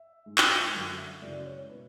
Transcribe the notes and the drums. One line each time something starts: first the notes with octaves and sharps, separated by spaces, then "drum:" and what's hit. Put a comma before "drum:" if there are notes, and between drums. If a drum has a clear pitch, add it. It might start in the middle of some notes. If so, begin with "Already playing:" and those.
Already playing: E5
G#2 G#3
drum: clap
F#2 D3 F#3 F#5
E5
F#2 C#3 E3 G#3 D5
C#5
B2 B4